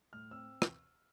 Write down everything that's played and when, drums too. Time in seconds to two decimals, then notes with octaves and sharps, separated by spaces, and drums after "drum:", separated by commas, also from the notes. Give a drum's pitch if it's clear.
0.13 A2 F6
0.31 C4 E6
0.62 drum: rim click